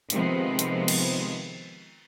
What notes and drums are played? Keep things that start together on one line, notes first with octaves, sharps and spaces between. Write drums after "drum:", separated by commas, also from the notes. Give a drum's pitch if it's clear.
C3 D#3 F3 G#3 B3 C4, drum: hi-hat
drum: hi-hat
drum: cymbal